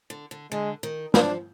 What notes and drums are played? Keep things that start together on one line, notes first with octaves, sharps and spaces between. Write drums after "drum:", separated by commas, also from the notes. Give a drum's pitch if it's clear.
D3
D3
D3 G#3
D#3
F3 D4, drum: snare